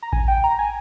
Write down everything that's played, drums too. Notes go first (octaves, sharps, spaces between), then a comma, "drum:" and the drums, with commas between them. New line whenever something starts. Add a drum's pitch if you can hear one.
A#5
G#5, drum: kick A1
G5
A#5
G#5